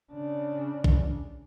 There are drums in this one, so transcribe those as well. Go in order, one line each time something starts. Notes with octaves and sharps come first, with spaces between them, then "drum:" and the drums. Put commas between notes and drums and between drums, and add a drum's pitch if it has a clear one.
C#3 D4
drum: kick